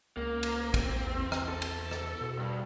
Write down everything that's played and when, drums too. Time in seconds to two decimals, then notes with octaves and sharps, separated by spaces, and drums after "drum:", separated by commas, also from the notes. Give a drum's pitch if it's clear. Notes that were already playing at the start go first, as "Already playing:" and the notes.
0.17 C#2 A#3
0.43 drum: cymbal
0.74 C4, drum: kick, cymbal
1.05 E2
1.32 drum: rim click
1.48 A4
1.62 drum: cymbal
1.91 drum: rim click
2.21 B2
2.38 G2